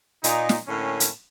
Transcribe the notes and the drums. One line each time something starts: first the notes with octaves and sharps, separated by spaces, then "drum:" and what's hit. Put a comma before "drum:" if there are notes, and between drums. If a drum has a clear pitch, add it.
A#2 D#4, drum: hi-hat
drum: snare
A2 D3 A#3 C#4
drum: hi-hat